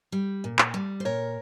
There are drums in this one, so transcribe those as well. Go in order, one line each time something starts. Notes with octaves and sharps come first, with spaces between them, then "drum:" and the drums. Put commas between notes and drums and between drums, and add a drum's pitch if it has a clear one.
G3
A#2
drum: clap
G3
C5
A#2 A#4 C#5